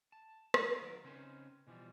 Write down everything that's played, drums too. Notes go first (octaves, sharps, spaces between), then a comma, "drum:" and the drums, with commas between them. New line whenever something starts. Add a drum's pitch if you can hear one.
A5
drum: rim click
A#4 F5
D#3 F#3 A#4
C#3 C4 C#4 D#4 B4 C5
B2 E3 F3 G3